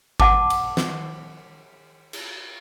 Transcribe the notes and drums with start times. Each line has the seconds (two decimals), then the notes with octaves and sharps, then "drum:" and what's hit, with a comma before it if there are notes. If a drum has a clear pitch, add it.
0.20 F#5 A5 D6, drum: kick G#1
0.50 drum: cymbal
0.77 drum: snare
2.13 drum: cymbal